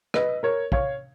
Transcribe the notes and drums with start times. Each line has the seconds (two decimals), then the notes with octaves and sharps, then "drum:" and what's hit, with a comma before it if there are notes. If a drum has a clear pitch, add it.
0.14 B4 D#5, drum: rim click
0.43 A#4 C#5
0.72 C#5 F5, drum: kick